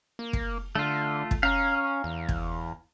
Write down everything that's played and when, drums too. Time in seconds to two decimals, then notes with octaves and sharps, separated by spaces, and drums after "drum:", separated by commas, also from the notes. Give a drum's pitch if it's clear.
0.19 A#3
0.33 drum: kick
0.75 D3 A3 F4
1.31 drum: kick
1.43 C#4 F5 A#5
2.04 E2
2.29 drum: kick